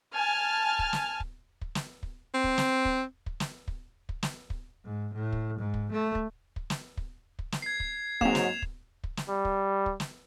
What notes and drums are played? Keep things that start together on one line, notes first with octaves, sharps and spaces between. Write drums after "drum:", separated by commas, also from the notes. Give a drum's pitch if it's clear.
G#5 A5 F6
drum: kick
drum: snare
drum: kick
drum: kick
drum: snare
drum: kick
C4
drum: kick
drum: snare
drum: kick
drum: kick
drum: snare
drum: kick
drum: kick
drum: snare
drum: kick
G#2
A2
drum: kick
G#2
drum: kick
A3
drum: kick
drum: kick
drum: snare
drum: kick
drum: kick
drum: snare
G#6 C7
drum: kick
G#2 F#3 A#3 C4 E7 F7, drum: kick
drum: snare
drum: kick
drum: kick
drum: snare
G3
drum: kick
drum: kick
drum: snare